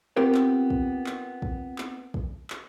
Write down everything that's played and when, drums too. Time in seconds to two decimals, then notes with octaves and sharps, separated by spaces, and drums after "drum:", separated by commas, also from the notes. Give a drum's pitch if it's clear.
0.16 B3 C4 F4 G4 A#4 B4
0.34 drum: clap
0.70 drum: kick A#1
1.06 drum: clap
1.42 drum: kick A#1
1.78 drum: clap
2.14 drum: kick A#1
2.50 drum: clap